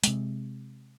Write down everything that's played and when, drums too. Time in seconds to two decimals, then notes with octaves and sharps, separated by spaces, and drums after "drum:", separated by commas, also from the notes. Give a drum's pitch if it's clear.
0.04 C3 G#3, drum: hi-hat